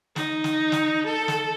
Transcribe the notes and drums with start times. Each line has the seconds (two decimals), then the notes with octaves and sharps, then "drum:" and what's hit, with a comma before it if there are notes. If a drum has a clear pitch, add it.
0.16 D#4, drum: snare
0.44 drum: snare
0.72 drum: snare
1.07 A4
1.28 drum: snare